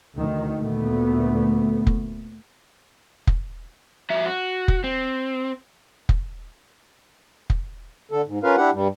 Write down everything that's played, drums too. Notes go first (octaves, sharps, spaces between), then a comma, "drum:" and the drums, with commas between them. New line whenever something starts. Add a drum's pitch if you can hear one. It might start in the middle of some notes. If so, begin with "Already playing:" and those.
D2 D#3
D2 A#2 A3 B3
drum: kick F1
drum: kick F1
F2 F#4 E5
F#4
drum: kick F1
C4
drum: kick F1
drum: kick F1
D3 A4
G#2
C#4 F4 A#4 B4 F5
D4 E4 G4 F#5
G2 G3